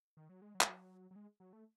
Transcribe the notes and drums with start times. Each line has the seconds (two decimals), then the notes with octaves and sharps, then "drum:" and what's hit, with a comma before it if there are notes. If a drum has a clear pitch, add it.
0.17 D#3
0.29 F#3
0.42 G#3
0.55 F#3
0.61 G#3, drum: clap
0.69 F#3
1.11 F#3
1.16 G#3
1.40 F#3
1.53 A3